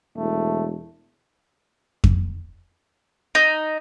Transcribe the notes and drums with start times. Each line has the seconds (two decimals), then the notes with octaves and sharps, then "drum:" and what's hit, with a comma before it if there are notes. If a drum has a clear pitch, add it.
0.17 E1 A3
2.04 drum: kick F2
3.35 D#4